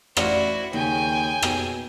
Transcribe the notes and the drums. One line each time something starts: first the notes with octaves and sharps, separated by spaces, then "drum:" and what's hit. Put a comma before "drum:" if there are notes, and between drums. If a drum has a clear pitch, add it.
A1 E4 F#4 C5 D5 F5, drum: rim click
D#2 C#3 G5 G#5
B2, drum: rim click